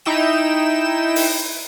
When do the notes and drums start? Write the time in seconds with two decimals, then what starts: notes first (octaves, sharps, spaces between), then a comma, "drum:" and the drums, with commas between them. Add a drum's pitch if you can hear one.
0.05 D#4 E4 G5 E7
1.16 drum: open hi-hat